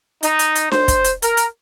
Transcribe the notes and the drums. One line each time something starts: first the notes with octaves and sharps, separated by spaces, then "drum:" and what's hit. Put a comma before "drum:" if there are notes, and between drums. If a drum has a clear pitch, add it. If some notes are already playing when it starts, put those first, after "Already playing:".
D#4, drum: hi-hat
drum: hi-hat
drum: hi-hat
C5, drum: snare D4
drum: kick, hi-hat
drum: hi-hat
A#4, drum: hi-hat
drum: hi-hat